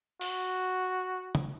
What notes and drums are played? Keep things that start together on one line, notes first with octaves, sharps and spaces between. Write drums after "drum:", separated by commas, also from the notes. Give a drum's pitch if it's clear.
F#4, drum: open hi-hat
drum: tom